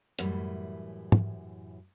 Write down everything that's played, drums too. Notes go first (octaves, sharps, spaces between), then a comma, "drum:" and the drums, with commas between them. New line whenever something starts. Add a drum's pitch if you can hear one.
F#2 A2 E3 G3, drum: hi-hat
drum: tom